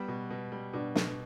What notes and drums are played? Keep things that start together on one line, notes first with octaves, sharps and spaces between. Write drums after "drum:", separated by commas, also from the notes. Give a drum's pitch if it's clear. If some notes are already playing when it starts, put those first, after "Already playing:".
Already playing: G3 B3
B2
B2
G3
B2 D4
B2, drum: snare